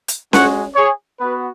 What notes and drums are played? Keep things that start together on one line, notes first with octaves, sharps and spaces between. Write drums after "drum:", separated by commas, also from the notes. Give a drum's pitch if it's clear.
drum: hi-hat
G#3 C#4 F#4 C#5 F#5, drum: snare C#4
G#4 C#5
B3 F#4 B4